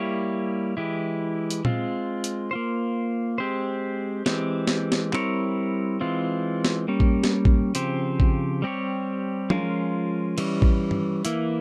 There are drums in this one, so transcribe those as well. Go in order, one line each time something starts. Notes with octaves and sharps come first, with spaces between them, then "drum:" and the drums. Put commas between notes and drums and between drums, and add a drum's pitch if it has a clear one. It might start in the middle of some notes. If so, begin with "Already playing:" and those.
Already playing: G3 A#3 E4 G4 C#5
E3 G#3 E4 G4
drum: hi-hat
G#3 C4 F4, drum: tom A#2
drum: hi-hat
A#3 F4 C5
G#3 C4 G4 C5
E3 G#3 C4 G4, drum: snare
drum: snare
drum: snare
G3 C4 E4 A#4 C#5, drum: clap
E3 G#3 C4 F4
drum: snare
G3 A#3 C#4
drum: kick A1
drum: snare
drum: kick A1
C#3 F3 C4 G4 C5, drum: hi-hat
drum: kick A1
G3 C4 G4 C#5
F3 G#3 C#4 F4 A#4, drum: tom F#3
E3 G3 C#4, drum: cymbal
drum: kick A1
drum: tom
E3 A#3 E4, drum: hi-hat